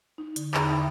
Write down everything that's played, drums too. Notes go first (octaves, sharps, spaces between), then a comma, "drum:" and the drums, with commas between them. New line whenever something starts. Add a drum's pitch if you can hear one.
D#4
D3, drum: hi-hat
E2 D3 D#4 G#4 A#5 B5, drum: clap
E5 G5 B5 D#6